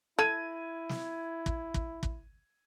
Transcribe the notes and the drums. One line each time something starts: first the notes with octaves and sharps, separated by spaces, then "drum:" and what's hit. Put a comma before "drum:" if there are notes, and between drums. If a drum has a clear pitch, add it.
E4 A4 G#6 D#7
drum: snare
drum: kick
drum: kick
drum: kick